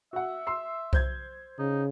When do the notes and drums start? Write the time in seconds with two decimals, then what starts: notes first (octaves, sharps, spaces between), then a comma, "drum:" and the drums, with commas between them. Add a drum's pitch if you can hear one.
0.13 F#4 E5 F#5
0.47 C6 E6 C7
0.93 C5 G6 G#6, drum: kick C2
1.59 C#3 D#4